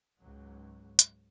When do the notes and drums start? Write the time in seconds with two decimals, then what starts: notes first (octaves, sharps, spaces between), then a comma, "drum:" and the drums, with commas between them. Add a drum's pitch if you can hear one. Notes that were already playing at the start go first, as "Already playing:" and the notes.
0.21 C#2 G#2 F#3
0.99 drum: hi-hat